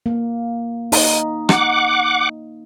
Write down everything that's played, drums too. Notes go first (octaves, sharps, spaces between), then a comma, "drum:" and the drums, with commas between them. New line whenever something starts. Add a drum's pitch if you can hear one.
A#3
D#4, drum: open hi-hat
F#5 D6, drum: rim click